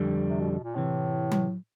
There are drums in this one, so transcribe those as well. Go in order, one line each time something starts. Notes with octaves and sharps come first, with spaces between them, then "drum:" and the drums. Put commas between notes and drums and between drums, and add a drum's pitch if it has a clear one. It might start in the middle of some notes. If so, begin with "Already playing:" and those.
Already playing: F2 D3 G3
C3
B2
B2
A#2
A2 C3 E3
drum: tom F#3